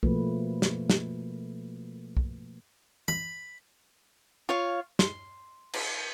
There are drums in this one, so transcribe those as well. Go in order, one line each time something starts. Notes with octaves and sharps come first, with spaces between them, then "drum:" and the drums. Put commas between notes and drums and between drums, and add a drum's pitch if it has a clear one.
B2 F3 A3 A#3 B4, drum: kick
drum: snare
drum: snare
drum: kick
B5, drum: tom E3
F4 C#5 F5
C6, drum: snare
drum: cymbal